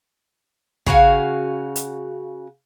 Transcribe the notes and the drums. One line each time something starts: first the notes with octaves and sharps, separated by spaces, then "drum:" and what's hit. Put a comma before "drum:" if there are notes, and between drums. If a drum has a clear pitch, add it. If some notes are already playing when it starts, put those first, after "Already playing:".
C#3 F#4 F5 G#5, drum: kick
drum: hi-hat